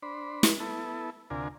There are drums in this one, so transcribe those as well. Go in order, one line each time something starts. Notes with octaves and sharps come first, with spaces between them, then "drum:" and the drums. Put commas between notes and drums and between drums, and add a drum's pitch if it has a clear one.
D4 C5 B5
drum: snare
B3 E4 A4
D2 C3 D4 F4 A#4 G#5